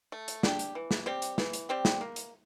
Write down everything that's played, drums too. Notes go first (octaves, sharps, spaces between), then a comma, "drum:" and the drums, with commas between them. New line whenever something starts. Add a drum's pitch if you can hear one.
A3
drum: hi-hat
D4 G4, drum: snare
drum: hi-hat
E3
drum: snare
G3 C4 G4
drum: hi-hat
E3, drum: snare
drum: hi-hat
G3 C4 G4
drum: snare
A#3
drum: hi-hat